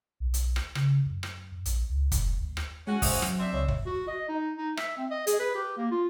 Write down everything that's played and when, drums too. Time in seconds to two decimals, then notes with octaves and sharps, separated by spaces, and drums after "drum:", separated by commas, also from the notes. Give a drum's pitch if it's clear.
0.20 B1
0.34 drum: hi-hat
0.56 drum: rim click
0.75 C#3, drum: rim click
1.06 F#2
1.23 drum: rim click
1.65 A#1, drum: hi-hat
1.90 C#2
2.12 F1, drum: kick, hi-hat
2.41 D#2
2.57 drum: rim click
2.87 G#3 C#4 F#4 F#5
3.02 C5 E5 D#6, drum: kick, open hi-hat
3.22 F#3, drum: rim click
3.38 C4 D4 E5
3.53 C#2 C#5 D#5
3.68 drum: kick
3.86 F#4
4.07 D#5
4.29 D#4
4.57 D#4
4.77 E5, drum: rim click
4.97 C4
5.11 D#5
5.27 G#4, drum: hi-hat
5.40 B4
5.55 G4
5.77 A#3
5.91 F4